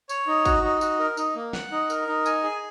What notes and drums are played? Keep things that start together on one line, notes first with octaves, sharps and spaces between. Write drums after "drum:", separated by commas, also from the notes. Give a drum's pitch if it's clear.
C#5, drum: tambourine
D#4
F#4, drum: kick, tambourine
D#4
F#4, drum: tambourine
A#4
D#4, drum: tambourine
A#3
F#5, drum: snare
D#4
A#4, drum: tambourine
D#4
G#5, drum: tambourine
G#4